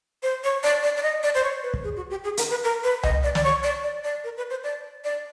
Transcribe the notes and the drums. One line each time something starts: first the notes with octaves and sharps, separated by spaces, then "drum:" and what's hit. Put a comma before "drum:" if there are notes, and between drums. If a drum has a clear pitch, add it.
C5
C#5
D5
D5
D5
D#5
D5
C5
C#5
B4
drum: kick
G#4
F#4
G4
G#4
A#4, drum: hi-hat
B4
A#4
B4
D#5, drum: tom C2
D5
D5, drum: snare
C#5
D5
D5
D5
A#4
B4
C5
D5
D5